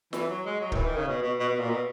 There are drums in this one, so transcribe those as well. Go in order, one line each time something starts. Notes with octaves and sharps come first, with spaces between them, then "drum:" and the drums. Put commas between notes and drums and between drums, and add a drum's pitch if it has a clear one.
E3, drum: snare
F#3
G#3
F#3
D#3, drum: kick
E3
D#3
C#3
B2
B2
B2
B2
A#2
B2